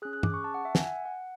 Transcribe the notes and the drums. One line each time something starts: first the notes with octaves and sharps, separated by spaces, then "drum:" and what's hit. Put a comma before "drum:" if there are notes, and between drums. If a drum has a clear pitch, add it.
C#4 G#4 F#6
F#6
D6, drum: tom G2
C#6
A5
F#5
E5
G#5, drum: snare
F#5
F#5